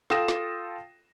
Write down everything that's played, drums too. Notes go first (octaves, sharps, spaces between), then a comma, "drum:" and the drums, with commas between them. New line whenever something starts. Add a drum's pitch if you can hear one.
F4 A4 G5 D#6 A#6 E7, drum: snare
drum: snare